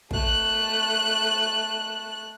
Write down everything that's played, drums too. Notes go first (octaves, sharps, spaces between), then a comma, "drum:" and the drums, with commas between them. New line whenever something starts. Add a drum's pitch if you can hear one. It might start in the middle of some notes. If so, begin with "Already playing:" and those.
A3 F#6, drum: kick